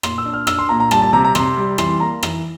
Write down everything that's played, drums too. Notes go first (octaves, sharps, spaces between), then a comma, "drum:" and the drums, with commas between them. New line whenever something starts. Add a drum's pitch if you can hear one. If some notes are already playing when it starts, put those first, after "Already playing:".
A#2 C6, drum: rim click
E6
D4
F6
D4 E6, drum: rim click
C6
A#2 A#5
A#5
G3 A5, drum: rim click
A5
C3 A#5
A#5
C3 C6, drum: rim click
G3
E3 C6, drum: rim click
A#3 A#5
E3, drum: rim click